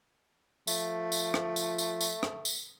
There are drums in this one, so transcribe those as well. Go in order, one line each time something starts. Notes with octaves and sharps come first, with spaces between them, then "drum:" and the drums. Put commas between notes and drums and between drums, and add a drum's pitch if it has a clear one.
F3 A3, drum: tambourine
drum: tambourine
drum: rim click
drum: tambourine
drum: tambourine
drum: tambourine
drum: rim click
drum: tambourine